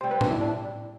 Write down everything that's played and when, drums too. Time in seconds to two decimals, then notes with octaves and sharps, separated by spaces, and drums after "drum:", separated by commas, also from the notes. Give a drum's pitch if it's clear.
0.01 C3 G3 C4 C5
0.11 B4
0.21 D4, drum: tom A2
0.31 E4
0.41 D4